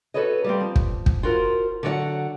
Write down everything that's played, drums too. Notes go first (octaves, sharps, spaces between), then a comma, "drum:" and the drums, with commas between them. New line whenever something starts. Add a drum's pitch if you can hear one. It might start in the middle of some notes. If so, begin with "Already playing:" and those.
F#4 A4 B4 C#5 D#5
G3 A#3 C4
F3
drum: kick
drum: kick
F4 F#4 A#4 C5
D3 F#3 F#4 D5 F#5